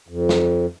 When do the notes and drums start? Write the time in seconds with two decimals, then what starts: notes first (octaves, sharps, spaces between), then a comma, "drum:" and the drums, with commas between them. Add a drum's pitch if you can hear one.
0.08 F2
0.29 drum: snare